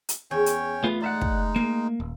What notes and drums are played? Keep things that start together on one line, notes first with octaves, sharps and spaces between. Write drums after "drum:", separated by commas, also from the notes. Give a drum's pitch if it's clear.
drum: hi-hat
E2 C#4 C#5 G5
drum: hi-hat
A3 B3 F4
G#3 D#4 D5 E5 F#5
drum: kick
A#3 F5
D#1